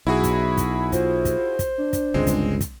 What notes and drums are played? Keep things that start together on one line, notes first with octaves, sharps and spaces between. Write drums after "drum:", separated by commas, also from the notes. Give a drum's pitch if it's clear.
B1 E4 F#4 G#4 B5
drum: kick, hi-hat
drum: kick, hi-hat
F4 C5, drum: kick, hi-hat
drum: kick, hi-hat
drum: kick, hi-hat
D4
drum: kick, hi-hat
G1 C#2 G#3 C4
drum: kick, hi-hat
drum: kick, hi-hat